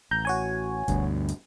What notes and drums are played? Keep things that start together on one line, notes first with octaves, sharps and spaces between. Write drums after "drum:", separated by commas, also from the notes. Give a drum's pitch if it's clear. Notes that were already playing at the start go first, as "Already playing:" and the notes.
A1 A#5 G6
F#4 C#5 G#5
D2 G2 B2, drum: kick, hi-hat
drum: hi-hat